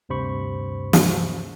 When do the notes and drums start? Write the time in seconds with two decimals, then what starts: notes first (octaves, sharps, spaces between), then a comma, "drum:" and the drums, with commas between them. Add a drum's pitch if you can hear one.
0.09 D2 G2 C3 C5 B5 C#6
0.93 drum: snare